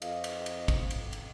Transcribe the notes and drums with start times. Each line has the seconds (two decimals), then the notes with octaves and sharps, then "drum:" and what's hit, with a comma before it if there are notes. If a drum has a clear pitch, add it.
0.02 F2 D#5 F5, drum: cymbal
0.24 drum: cymbal
0.46 drum: cymbal
0.68 drum: kick, cymbal
0.90 drum: cymbal
1.13 drum: cymbal